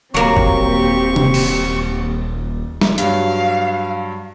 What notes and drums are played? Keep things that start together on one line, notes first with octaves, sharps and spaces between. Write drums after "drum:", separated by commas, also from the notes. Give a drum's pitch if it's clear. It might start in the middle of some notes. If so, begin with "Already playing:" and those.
D#1 F#3 A#3 C4 G4 C#6
drum: kick
drum: tom C3
drum: cymbal
drum: snare
G2 F#3 F5, drum: hi-hat